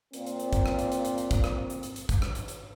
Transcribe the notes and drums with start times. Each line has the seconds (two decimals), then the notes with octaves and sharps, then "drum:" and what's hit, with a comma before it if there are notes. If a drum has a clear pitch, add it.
0.13 A#2 A#3 C4, drum: hi-hat
0.27 drum: hi-hat
0.40 drum: hi-hat
0.53 drum: kick, hi-hat
0.66 drum: rim click
0.79 drum: hi-hat
0.92 drum: hi-hat
1.05 drum: hi-hat
1.18 drum: hi-hat
1.31 drum: kick, hi-hat
1.44 drum: rim click
1.70 drum: hi-hat
1.83 drum: hi-hat
1.96 drum: hi-hat
2.09 drum: kick, hi-hat
2.22 drum: rim click
2.35 drum: hi-hat
2.48 drum: hi-hat